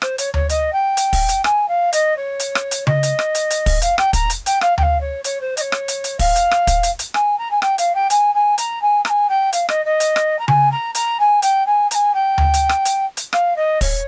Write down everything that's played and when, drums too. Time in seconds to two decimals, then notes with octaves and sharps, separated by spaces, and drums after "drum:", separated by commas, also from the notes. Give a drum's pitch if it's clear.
0.02 C5, drum: rim click
0.18 C#5, drum: hi-hat
0.34 C#5, drum: tom D2
0.49 D#5, drum: hi-hat
0.72 G5
0.97 drum: hi-hat
1.13 drum: kick, open hi-hat
1.29 drum: hi-hat
1.44 G#5, drum: rim click
1.68 F5
1.93 D#5, drum: hi-hat
2.16 C#5
2.39 drum: hi-hat
2.55 drum: rim click
2.71 drum: hi-hat
2.87 D#5, drum: tom C#3
3.03 drum: hi-hat
3.19 drum: rim click
3.35 drum: hi-hat
3.50 drum: hi-hat
3.66 drum: kick, open hi-hat
3.81 F5, drum: hi-hat
3.98 G5, drum: rim click
4.13 A#5, drum: kick, hi-hat
4.30 drum: hi-hat
4.46 G5, drum: hi-hat
4.61 F5, drum: rim click
4.78 G5, drum: tom D2
4.82 F5
5.00 C#5
5.24 C#5, drum: hi-hat
5.41 C5
5.57 D#5, drum: hi-hat
5.61 C#5
5.72 drum: rim click
5.88 drum: hi-hat
6.04 drum: hi-hat
6.19 F5, drum: kick, open hi-hat
6.36 drum: hi-hat
6.51 drum: rim click
6.67 drum: kick, hi-hat
6.83 drum: hi-hat
6.99 drum: hi-hat
7.14 G#5, drum: rim click
7.38 A#5
7.51 G#5
7.62 G5, drum: rim click
7.78 F5, drum: hi-hat
7.95 G5
8.10 G#5, drum: hi-hat
8.34 G#5
8.58 A#5, drum: hi-hat
8.81 G#5
9.05 A#5, drum: rim click
9.09 G#5
9.29 G5
9.53 F5, drum: hi-hat
9.69 D#5, drum: rim click
9.85 D#5
10.00 drum: hi-hat
10.16 drum: rim click
10.39 A#5
10.48 G#5, drum: tom C#3
10.71 A#5
10.95 A#5, drum: hi-hat
11.19 G#5
11.42 G5, drum: hi-hat
11.66 G#5
11.91 A#5, drum: hi-hat
11.94 G#5
12.14 G5
12.38 drum: tom D2
12.54 drum: hi-hat
12.69 drum: rim click
12.85 drum: hi-hat
13.17 drum: hi-hat
13.33 F5, drum: rim click
13.56 D#5
13.81 C#5, drum: kick, open hi-hat